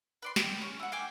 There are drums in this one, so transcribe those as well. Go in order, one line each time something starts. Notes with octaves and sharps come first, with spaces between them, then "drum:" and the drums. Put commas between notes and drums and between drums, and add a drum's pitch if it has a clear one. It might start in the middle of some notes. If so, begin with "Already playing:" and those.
B4 D5 C6
G5, drum: snare
C#4
E4 F#5
F5 G5 G#5 D6